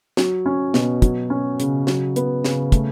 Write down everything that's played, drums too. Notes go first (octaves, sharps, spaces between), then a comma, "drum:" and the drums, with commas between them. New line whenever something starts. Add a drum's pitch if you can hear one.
F#3, drum: snare
C#4
B2, drum: snare
F#3, drum: kick, hi-hat
C#4
C#3, drum: hi-hat
F#3, drum: snare
B3, drum: hi-hat
C#3, drum: snare
A3, drum: kick, hi-hat